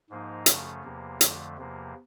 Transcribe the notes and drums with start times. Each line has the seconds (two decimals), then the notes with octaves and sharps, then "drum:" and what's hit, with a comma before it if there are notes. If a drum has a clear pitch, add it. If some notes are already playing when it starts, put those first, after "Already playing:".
0.10 G#2 F3 A#3 D#4
0.46 F#2 C#3 F3 A3 C#4, drum: hi-hat
0.83 E2 C3 F3 A#3
1.21 F2 D3 F3 A3, drum: hi-hat
1.58 E2 C3 F3 A#3